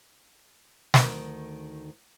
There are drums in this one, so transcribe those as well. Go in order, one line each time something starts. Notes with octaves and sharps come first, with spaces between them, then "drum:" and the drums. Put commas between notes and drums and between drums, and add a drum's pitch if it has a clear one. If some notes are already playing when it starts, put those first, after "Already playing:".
D2 D#3, drum: snare